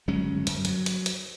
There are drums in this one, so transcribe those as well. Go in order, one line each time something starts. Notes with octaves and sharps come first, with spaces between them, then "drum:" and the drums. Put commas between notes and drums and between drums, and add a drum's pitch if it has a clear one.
G1 F#3 G#3 C#4
F#2, drum: hi-hat
F#3, drum: hi-hat
drum: hi-hat
drum: hi-hat